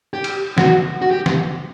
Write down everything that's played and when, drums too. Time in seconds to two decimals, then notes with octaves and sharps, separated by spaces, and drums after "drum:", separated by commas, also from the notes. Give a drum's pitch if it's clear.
0.14 G4
0.24 drum: cymbal
0.58 F#4, drum: snare
1.02 F#4
1.11 G4
1.26 drum: snare